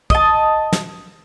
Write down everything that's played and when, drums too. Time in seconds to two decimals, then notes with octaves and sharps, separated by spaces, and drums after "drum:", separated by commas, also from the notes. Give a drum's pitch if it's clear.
0.10 D#5 A5, drum: kick
0.73 drum: snare